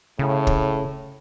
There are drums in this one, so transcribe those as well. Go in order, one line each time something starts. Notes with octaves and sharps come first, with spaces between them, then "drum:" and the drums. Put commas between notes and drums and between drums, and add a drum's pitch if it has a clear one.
A2 C#3
drum: kick